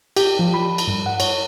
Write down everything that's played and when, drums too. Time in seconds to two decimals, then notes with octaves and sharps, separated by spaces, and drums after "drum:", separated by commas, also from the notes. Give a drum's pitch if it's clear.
0.17 G4, drum: cymbal
0.39 F3
0.54 B5
0.78 drum: cymbal
0.88 G2
1.06 F#5
1.20 C#5, drum: cymbal